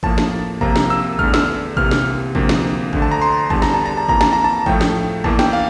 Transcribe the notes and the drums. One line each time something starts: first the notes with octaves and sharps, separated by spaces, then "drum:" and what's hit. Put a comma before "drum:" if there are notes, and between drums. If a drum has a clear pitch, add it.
A2 F3 A#3 A5, drum: kick G#1
drum: snare
C2 C3 F3 A#3 A#5, drum: kick G#1
drum: snare
E6
E2 D3 A3 F6, drum: kick G#1
E6, drum: snare
C2 C3 E3 A#3 F6, drum: kick G#1
drum: snare
D2 C3 F3 A#3, drum: kick G#1
drum: snare
D2 D3 A3, drum: kick G#1
A5
A#5
C6
E2 D3 G3 A5, drum: kick G#1
A#5, drum: snare
A5
A#5
A5
F2 E3 A#3 A#5, drum: kick G#1
A5, drum: snare
A#5
A5
A2 F3 A3 G5, drum: kick G#1
drum: snare
E2 E3 A#3 A5, drum: kick G#1
G5, drum: snare
F5